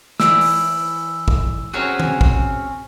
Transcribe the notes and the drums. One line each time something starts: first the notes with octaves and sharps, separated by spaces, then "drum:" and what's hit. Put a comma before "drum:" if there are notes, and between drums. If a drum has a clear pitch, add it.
E3 E4 D5 E6, drum: snare
drum: open hi-hat
drum: kick
C4 C#4 F#4 G#4 A#4 C#5
drum: tom D#3
drum: kick